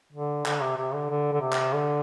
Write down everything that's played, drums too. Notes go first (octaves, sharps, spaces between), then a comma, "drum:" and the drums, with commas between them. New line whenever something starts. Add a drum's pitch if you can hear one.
D3
D3, drum: clap
C3
C3
D3
D3
D3
C3
drum: clap
D3